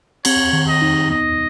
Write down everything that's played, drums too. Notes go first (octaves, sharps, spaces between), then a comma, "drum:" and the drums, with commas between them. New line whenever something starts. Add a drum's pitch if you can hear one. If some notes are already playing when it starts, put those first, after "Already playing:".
C4 C#5, drum: cymbal
D#3
D#5
D#4
B3 D#5